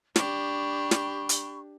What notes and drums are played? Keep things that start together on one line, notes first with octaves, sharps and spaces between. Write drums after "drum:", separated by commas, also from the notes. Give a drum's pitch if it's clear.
D4 G4 B5 C#6, drum: snare
drum: snare
drum: hi-hat